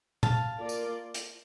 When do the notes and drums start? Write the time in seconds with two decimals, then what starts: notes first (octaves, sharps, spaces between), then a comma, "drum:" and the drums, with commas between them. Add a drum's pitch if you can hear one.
0.23 F5 A5, drum: tom A#2
0.59 A#3 F4 A#4 D5
0.69 drum: tambourine
1.14 drum: hi-hat